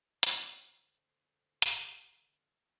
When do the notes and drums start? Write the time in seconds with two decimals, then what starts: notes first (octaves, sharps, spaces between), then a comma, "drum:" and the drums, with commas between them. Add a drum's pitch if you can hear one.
0.23 G#2 D3 A4 C5, drum: hi-hat
1.62 drum: hi-hat